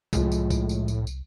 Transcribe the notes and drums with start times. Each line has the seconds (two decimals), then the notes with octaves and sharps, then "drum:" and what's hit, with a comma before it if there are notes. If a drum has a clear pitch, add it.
0.13 C2 A2 F3 G#3, drum: kick, tambourine
0.32 drum: tambourine
0.50 drum: kick, tambourine
0.69 drum: tambourine
0.88 drum: tambourine
1.07 drum: tambourine